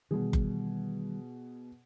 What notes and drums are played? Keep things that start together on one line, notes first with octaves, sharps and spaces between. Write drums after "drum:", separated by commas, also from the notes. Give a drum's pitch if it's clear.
B2 D#3 E3 G3 G#4
drum: kick F#1